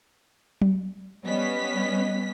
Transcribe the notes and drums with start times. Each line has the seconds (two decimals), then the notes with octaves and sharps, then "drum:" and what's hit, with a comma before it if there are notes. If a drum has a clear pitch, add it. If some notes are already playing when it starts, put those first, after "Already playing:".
0.61 drum: tom F#3
1.25 G3 B3 C#4 D#5 B6